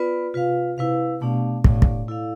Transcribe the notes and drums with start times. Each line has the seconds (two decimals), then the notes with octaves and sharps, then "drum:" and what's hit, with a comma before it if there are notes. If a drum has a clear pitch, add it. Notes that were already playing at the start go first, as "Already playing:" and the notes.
Already playing: B3 F4 B4 D5
0.34 C3 F4 B4 F5
0.78 C3 E4 B4 F5
1.21 B2 A3 D4 G4 D5 F5
1.64 A2 D4 G4 D5 F5, drum: kick
1.82 drum: kick
2.08 E4 A4 D5 F5